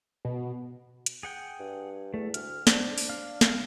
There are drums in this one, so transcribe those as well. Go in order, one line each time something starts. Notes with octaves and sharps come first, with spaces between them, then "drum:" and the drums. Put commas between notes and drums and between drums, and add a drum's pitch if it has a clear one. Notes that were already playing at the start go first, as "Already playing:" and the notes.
B2
drum: hi-hat
G#4 F#5 G5
G2
E2 A3
D2 F6, drum: hi-hat
D4 C5, drum: snare
drum: open hi-hat
F5 F6
drum: snare